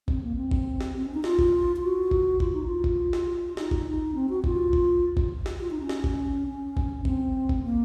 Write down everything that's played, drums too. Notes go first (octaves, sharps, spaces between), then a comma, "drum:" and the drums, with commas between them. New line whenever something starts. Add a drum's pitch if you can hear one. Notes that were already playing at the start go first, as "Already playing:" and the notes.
C4, drum: kick G#1
A#3
C4
drum: kick G#1
drum: snare
C4
C#4
D#4
F4, drum: snare
drum: kick G#1
F4
F#4
drum: kick G#1
F4, drum: kick G#1
D#4
F4
drum: kick G#1
drum: snare
D#4, drum: snare
drum: kick G#1
D#4
C4
F#4
F4, drum: kick G#1
drum: kick G#1
drum: kick G#1
drum: snare
F4
D#4
C#4
drum: snare
drum: kick G#1
C#4
drum: kick G#1
C4, drum: kick G#1
drum: kick G#1
A#3